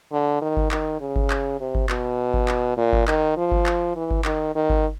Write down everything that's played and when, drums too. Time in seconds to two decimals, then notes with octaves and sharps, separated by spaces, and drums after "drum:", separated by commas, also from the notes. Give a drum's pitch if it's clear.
0.12 D3
0.42 D#3
0.57 drum: kick G1
0.71 D#3, drum: clap
1.00 C#3
1.16 drum: kick G1
1.30 drum: clap
1.60 C3
1.75 drum: kick G1
1.90 B2, drum: clap
2.34 drum: kick G1
2.48 drum: clap
2.77 A#2
2.93 drum: kick G1
3.08 D#3, drum: clap
3.37 F3
3.52 drum: kick G1
3.66 drum: clap
3.96 E3
4.11 drum: kick G1
4.25 D#3, drum: clap
4.55 D#3
4.70 drum: kick G1